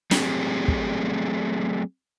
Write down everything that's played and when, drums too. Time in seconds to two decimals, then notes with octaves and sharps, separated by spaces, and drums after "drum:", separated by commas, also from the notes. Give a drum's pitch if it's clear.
0.11 F#3 A3 C4 G4 G#4, drum: snare
0.68 drum: kick